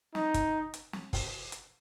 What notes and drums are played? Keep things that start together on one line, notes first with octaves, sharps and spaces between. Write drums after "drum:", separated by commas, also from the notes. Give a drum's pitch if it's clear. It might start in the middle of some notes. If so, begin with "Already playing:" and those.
D#4, drum: snare
drum: kick, hi-hat
drum: hi-hat
drum: snare
drum: kick, open hi-hat
drum: hi-hat